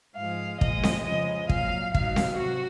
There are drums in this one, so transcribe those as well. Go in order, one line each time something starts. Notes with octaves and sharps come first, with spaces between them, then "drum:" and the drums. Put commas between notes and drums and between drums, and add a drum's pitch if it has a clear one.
G#2 F3 G#3 F5
A#2 F3 G#3 D#5, drum: kick
drum: snare C4
F2 C#3 F3 G#3 D#5
A#2 F#3 F5, drum: kick
G#2 D#3 F#3 F5, drum: kick
drum: snare C4
C3 F#4